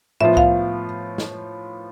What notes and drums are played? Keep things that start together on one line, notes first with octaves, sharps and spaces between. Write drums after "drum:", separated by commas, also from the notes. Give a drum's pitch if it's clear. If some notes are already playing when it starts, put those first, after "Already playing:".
A2 F3 B3 F4 E5
F5, drum: kick C2
drum: snare